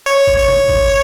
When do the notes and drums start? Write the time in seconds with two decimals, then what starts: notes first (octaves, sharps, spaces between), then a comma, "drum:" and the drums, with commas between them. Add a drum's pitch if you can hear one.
0.06 C#5
0.27 drum: kick G#1
0.38 C#5
0.48 drum: tom
0.69 drum: kick G#1